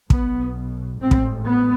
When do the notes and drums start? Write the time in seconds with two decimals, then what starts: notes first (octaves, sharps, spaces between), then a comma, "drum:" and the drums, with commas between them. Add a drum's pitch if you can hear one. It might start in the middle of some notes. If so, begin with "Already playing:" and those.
0.10 B1 B2 B3, drum: kick
1.00 A1 G#2 C4
1.11 drum: kick
1.46 B3